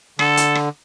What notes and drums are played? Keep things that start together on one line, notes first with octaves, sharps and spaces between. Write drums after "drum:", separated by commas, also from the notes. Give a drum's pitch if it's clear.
D3 A4, drum: rim click
drum: hi-hat
drum: rim click